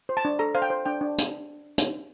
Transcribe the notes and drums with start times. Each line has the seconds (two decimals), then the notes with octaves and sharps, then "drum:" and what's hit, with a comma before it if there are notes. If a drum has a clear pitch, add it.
0.09 C5
0.17 A5
0.25 D4
0.39 A4 A#5
0.55 C5 F5
0.62 G5
0.70 C5
0.86 D4 G5
1.01 D4
1.18 drum: hi-hat
1.78 drum: hi-hat